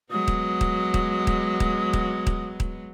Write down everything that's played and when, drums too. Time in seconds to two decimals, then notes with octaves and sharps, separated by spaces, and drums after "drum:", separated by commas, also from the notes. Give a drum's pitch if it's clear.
0.11 F#3 G#3 B3 D#6
0.28 drum: kick D#1
0.61 drum: kick D#1
0.94 drum: kick D#1
1.27 drum: kick D#1
1.60 drum: kick D#1
1.93 drum: kick D#1
2.27 drum: kick D#1
2.60 drum: kick D#1